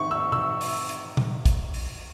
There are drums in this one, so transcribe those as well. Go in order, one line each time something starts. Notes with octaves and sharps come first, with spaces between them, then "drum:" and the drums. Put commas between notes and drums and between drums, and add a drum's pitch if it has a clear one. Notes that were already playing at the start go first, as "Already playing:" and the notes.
Already playing: G#2 D#3 C#6
E6
E6, drum: tom B2
drum: open hi-hat
drum: hi-hat
drum: tom A#2
drum: kick, hi-hat
drum: open hi-hat